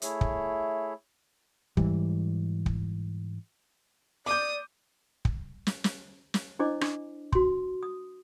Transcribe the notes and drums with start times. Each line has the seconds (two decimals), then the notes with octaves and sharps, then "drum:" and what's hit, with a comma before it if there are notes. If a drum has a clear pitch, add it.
0.02 A3 E4 G#4 C#5 E5, drum: hi-hat
0.21 drum: kick
1.77 G#2 E3 G3, drum: kick
2.66 drum: kick
4.26 D5 D6 D#6 G6
5.25 drum: kick
5.67 drum: snare
5.84 drum: snare
6.34 drum: snare
6.59 D4 E4 C5 D#5 D6
6.81 D4, drum: rim click
7.32 F#4 C6, drum: kick
7.83 D#6